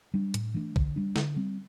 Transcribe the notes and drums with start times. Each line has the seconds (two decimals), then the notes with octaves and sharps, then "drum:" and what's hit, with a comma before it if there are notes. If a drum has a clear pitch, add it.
0.14 G3 D4
0.34 A2, drum: hi-hat
0.54 E3 A3 D4
0.76 D3, drum: kick
0.96 G3 D4
1.16 D3, drum: snare
1.36 G3 C4